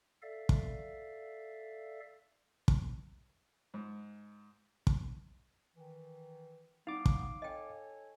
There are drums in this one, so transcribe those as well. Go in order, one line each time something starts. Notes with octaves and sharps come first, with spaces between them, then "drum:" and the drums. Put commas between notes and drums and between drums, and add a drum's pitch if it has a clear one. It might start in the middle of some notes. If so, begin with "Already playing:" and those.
A4 D5 E5 F5
drum: kick
drum: kick
G#2
drum: kick
D#3 E3
G3 B3 D#4 F5 D6
drum: kick
A4 C#5 D#5 G5 G#5